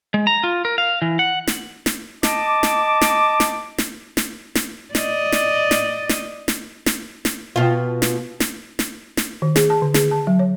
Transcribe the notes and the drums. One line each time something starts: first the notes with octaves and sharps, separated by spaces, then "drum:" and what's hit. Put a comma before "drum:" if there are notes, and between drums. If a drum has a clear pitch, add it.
G#3
A#5
F4
A#4
F5
E3
F#5
drum: snare
drum: snare
D#5 A5 D6, drum: snare
drum: snare
drum: snare
drum: snare
drum: snare
drum: snare
drum: snare
D5 D#5, drum: snare
drum: snare
drum: snare
drum: snare
drum: snare
drum: snare
drum: snare
B2 F4
drum: snare
drum: snare
drum: snare
drum: snare
D#3
G#4, drum: snare
A5
D3
G#4, drum: snare
A5
F#3
C#5